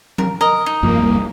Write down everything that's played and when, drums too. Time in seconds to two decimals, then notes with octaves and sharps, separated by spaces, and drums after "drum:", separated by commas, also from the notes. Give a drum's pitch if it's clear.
0.18 A#4, drum: tom F#3
0.41 A#4 D#5 A#5
0.66 D#4
0.83 F1 G2 F3 A#3
0.99 F1 C2 G3